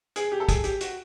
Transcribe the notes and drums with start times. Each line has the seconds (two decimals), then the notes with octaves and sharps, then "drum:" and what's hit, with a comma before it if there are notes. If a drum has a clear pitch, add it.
0.16 G#4, drum: hi-hat
0.32 G4
0.40 A4
0.49 G#4, drum: kick, hi-hat
0.64 G4, drum: hi-hat
0.81 F#4, drum: hi-hat